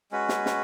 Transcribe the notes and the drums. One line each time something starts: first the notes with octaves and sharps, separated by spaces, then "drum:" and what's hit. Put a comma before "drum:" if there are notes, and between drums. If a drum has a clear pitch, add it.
G#3 C#4 F#4 B4
drum: snare
drum: snare